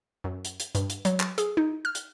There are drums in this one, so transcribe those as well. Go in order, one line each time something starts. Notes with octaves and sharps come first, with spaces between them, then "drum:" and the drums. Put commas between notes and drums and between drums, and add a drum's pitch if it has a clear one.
F#2
drum: hi-hat
drum: hi-hat
G2, drum: hi-hat
drum: hi-hat
F#3, drum: hi-hat
drum: clap
G#4, drum: hi-hat
D#4
F6
drum: hi-hat